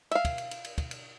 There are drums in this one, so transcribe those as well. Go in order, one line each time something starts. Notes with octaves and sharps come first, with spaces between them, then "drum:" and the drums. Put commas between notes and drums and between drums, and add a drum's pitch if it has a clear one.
E5 F5, drum: cymbal
drum: kick, cymbal
drum: cymbal
drum: cymbal
drum: cymbal
drum: kick, cymbal
drum: cymbal